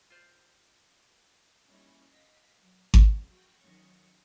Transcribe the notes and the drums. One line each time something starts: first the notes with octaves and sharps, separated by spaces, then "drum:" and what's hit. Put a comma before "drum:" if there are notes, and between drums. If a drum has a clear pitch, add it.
F4 C5 D5
G3 A#3 C#4 D#4 E4
D#5 F5 F#5 B6
F#3
F3 F#3 G#3 B3 C#4, drum: kick G#1
F#4 G5
D#3 F#3 C#4 C#6